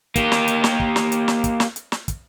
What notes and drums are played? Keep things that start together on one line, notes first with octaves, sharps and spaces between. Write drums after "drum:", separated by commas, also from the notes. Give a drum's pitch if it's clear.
A#3 G4, drum: kick, hi-hat
drum: snare
drum: hi-hat
drum: snare
drum: kick
drum: snare
drum: hi-hat
drum: snare
drum: kick, hi-hat
drum: snare
drum: hi-hat
drum: snare
drum: kick, hi-hat